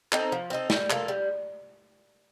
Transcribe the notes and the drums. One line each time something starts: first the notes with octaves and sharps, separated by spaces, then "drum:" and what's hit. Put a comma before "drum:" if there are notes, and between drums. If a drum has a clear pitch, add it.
C4 D#4 A4, drum: clap
F3
C4 D#4 A4
G3, drum: snare
A#3 F4 A4, drum: clap
G3